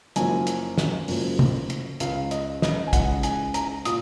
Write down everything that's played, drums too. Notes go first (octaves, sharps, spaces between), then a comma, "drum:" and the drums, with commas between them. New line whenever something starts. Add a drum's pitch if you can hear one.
F#1 F#2 F3 G#5, drum: hi-hat
drum: hi-hat
drum: snare
F#1 F#2 F3, drum: open hi-hat
drum: tom
drum: hi-hat
C#2 C#3 G#3 F5, drum: hi-hat
D#5, drum: hi-hat
D#5, drum: snare
G#5
C#2 C#3 G#3 F#5, drum: kick, hi-hat
G#5, drum: hi-hat
A#5, drum: hi-hat
A#2 D#6, drum: hi-hat